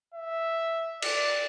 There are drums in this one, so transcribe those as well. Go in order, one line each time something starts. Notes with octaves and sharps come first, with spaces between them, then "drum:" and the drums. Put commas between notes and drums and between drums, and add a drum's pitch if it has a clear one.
E5
D5, drum: cymbal